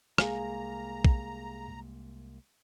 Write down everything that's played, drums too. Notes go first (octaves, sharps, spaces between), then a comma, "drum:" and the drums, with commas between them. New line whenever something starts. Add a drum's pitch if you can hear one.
C2 G#3 A#3 G#4 F5 G#5 A#5, drum: rim click
drum: kick